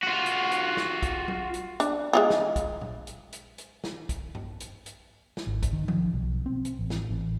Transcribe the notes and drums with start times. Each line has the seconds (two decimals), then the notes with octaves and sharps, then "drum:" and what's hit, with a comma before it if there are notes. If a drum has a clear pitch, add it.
0.03 F4 F#4
0.26 drum: hi-hat
0.51 drum: hi-hat
0.77 drum: snare
1.03 drum: kick, hi-hat
1.28 drum: tom
1.54 drum: hi-hat
1.80 D4, drum: hi-hat
2.13 G#3 E4 F4
2.30 drum: snare
2.56 drum: kick, hi-hat
2.81 drum: tom A#2
3.07 drum: hi-hat
3.33 drum: hi-hat
3.58 drum: hi-hat
3.84 drum: snare
4.09 drum: kick, hi-hat
4.35 drum: tom G2
4.60 drum: hi-hat
4.86 drum: hi-hat
5.37 drum: snare
5.47 G#1
5.63 drum: kick, hi-hat
5.73 D#3
5.88 F3, drum: tom
6.14 B1
6.46 C4
6.65 drum: hi-hat
6.79 A1
6.90 drum: snare
7.10 A1